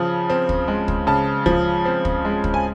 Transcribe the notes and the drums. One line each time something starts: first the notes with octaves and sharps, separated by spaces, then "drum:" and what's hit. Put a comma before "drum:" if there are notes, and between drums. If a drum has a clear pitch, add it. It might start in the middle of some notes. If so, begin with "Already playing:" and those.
Already playing: C#3 F3 A5
C4
drum: kick
G#3
drum: kick
C#3 A5
F3, drum: kick
C4
drum: kick
G#3
drum: kick
G#5